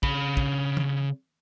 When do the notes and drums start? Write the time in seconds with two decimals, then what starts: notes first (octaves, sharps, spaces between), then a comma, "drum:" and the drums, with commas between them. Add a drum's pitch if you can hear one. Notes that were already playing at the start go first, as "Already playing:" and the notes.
0.03 C#3 B5, drum: kick
0.37 drum: kick
0.77 drum: tom